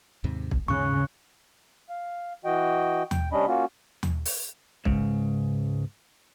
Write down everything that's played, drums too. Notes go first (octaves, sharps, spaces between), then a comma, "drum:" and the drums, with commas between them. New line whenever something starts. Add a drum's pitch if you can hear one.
D#2 G#2 C3
drum: kick
D#2 G#2 C#3 C#4 C#6 F#6
F5
E3 F#4 D#5 G5
G5, drum: tom D#2
C3 G3 C#4 D4 D#5 B5
A#3 C#4 F4 F#4
drum: tom D#2
drum: open hi-hat
C#2 G#2 C#3, drum: kick